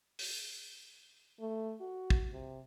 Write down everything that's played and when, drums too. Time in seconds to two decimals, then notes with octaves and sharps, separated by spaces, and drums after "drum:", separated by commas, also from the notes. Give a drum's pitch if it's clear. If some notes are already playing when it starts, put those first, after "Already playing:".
0.19 drum: open hi-hat
1.40 A3
1.80 F#4
2.10 drum: kick
2.31 C3